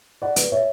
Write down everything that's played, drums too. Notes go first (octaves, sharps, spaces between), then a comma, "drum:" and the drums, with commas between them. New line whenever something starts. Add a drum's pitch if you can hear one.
D5 F#5
B4 D5, drum: hi-hat
C#5 E5